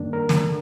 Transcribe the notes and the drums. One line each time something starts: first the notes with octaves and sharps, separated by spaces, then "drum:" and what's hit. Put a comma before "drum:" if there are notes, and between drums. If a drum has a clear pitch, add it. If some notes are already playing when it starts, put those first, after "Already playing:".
Already playing: G2 D#3 A#3 D4
A#4
drum: snare
D3